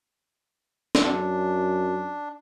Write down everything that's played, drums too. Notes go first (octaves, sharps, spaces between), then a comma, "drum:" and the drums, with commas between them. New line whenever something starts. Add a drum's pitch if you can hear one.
drum: snare
F#2 D4